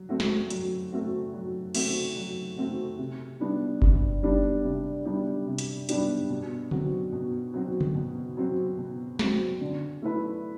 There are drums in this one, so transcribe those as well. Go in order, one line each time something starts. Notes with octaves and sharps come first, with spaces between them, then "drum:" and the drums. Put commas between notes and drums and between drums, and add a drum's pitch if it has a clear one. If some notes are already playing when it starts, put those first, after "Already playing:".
Already playing: F#3
A3 C4 F#4
drum: snare
F#3, drum: hi-hat
A3 C4 F#4
F#3
A3 C4 F#4, drum: cymbal
F#3
A3 C4 F#4
C3
G3 B3 D4 G4
C3, drum: kick F#1
G3 B3 D4 G4
C3
G3 B3 D4 G4
C3
drum: hi-hat
G3 B3 D4 G4, drum: hi-hat
B2
F#3 C4 F#4, drum: tom C#3
B2
F#3 C4 F#4
drum: tom C#3
B2
F#3 C4 F#4
B2
F#3 C4 F#4, drum: snare
D3
A3 E4 B4